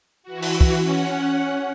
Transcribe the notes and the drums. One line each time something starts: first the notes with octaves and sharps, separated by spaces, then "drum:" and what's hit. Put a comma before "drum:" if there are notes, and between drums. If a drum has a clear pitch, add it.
E3 F#4
drum: open hi-hat
drum: kick
C#4 F#5